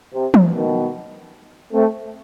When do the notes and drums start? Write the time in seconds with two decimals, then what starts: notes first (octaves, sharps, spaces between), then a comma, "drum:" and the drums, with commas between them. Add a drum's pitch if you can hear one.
0.14 C3
0.34 drum: tom
0.53 B2 D#3
1.73 A3 C4